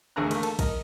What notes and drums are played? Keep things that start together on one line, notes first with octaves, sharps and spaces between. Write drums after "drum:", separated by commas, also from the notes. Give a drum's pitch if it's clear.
G#1 D2 D3 G#4 A#5 F#6
A3 A#3, drum: cymbal
A4, drum: cymbal
A#4 D#5, drum: kick, cymbal